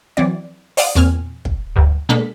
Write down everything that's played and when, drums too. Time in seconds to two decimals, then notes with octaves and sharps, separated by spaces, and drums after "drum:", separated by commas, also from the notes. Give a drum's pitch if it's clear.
0.17 E3 F#3 C4 D5
0.77 C5 D5 F5 F#5 D#6, drum: open hi-hat
0.95 E2 A#2 C4 G#5 F6
1.45 drum: kick
1.76 D2 G2
2.09 B2 G#3 A#3 D4 A4 B6